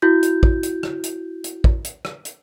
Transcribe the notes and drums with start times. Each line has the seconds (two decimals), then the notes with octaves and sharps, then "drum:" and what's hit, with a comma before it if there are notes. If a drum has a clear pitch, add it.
0.02 E4 F#4 G6
0.23 drum: hi-hat
0.43 drum: kick
0.63 drum: hi-hat
0.83 drum: rim click
1.04 drum: hi-hat
1.44 drum: hi-hat
1.64 drum: kick
1.84 drum: hi-hat
2.05 drum: rim click
2.25 drum: hi-hat